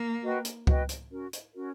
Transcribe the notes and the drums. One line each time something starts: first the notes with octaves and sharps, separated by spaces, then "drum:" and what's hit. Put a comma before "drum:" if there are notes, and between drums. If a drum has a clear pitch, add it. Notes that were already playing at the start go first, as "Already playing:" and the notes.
Already playing: A#3
F#4 B4 D#5 G5
drum: hi-hat
F#4 B4 D#5 G5, drum: kick C#2
drum: hi-hat
C#4 F#4 A#4
drum: hi-hat
C#4 F#4 A#4